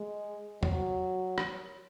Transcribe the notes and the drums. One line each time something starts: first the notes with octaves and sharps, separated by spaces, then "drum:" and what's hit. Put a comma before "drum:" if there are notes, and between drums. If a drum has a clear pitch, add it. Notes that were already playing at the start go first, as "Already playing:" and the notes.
Already playing: G#3
F#3, drum: tom
drum: rim click